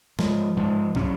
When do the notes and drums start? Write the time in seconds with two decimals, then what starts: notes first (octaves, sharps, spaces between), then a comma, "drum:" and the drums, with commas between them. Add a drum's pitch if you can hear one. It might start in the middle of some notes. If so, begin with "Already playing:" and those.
0.19 G#2 F3 G#3, drum: snare
0.57 G#2 F3 G#3
0.95 C3 F#3 C#4, drum: kick